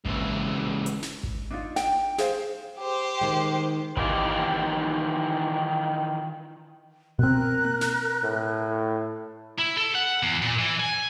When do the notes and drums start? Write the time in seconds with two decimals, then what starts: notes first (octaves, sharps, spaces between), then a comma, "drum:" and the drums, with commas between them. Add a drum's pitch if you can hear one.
0.05 C#2 E3, drum: kick G#1
0.86 drum: hi-hat
1.03 drum: snare
1.23 drum: kick G#1
1.51 D4 D#4 F4
1.76 G5, drum: snare
2.18 G#4 C5 F5, drum: snare
2.78 G4 C5
3.21 D#3 G#3
3.97 D#3 E3 D#4 F4 G4, drum: kick G#1
7.19 B2 C4 A#4 F#6
7.65 drum: tom A#3
7.81 drum: snare
8.24 A2
9.59 E4
9.78 A4
9.95 F#5
10.23 E2
10.42 A#2
10.59 E3
10.79 G#5